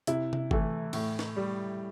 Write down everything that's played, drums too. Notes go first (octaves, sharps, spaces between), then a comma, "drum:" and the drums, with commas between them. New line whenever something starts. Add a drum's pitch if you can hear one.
C3 E4, drum: hi-hat
drum: tom C3
E3 A3, drum: kick G1
A2, drum: cymbal
drum: snare
G3